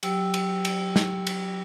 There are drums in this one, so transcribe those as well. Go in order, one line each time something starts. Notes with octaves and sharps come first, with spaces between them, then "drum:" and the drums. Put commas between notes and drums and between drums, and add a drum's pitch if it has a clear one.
F#3 G4 G5 E6, drum: cymbal
drum: cymbal
drum: cymbal
drum: snare
drum: cymbal